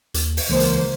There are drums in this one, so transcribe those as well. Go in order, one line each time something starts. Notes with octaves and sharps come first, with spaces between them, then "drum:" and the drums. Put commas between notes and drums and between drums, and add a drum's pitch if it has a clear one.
D#2, drum: hi-hat
drum: open hi-hat
C#2 E3 A#3 C5
drum: hi-hat